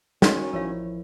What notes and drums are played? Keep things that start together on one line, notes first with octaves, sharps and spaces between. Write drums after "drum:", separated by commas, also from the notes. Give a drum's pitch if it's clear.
D#3 F#3 C#4 D5 D#6, drum: snare
A1 F3 E4 A#4 C#5 F5